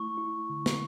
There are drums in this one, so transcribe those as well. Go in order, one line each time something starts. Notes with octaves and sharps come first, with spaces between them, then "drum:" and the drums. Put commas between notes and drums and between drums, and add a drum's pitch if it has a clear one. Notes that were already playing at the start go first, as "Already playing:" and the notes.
Already playing: A3 E4 C#6
E4
D3
drum: snare